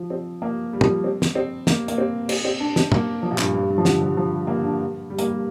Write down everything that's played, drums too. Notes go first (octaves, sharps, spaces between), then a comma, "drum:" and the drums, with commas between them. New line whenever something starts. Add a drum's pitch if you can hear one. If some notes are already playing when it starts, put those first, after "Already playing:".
Already playing: F3
C4
A#3
G3
F3, drum: tom
G3
C4
drum: snare
C4
A#3, drum: snare
A#3, drum: hi-hat
C4
C4, drum: cymbal
C4
D4
C4, drum: snare
A#3, drum: tom
F3
A#2
G2, drum: clap
G2
G2
F3
D3, drum: snare
F3
F3
G3
A#3
D4
G3
A#3, drum: hi-hat
G3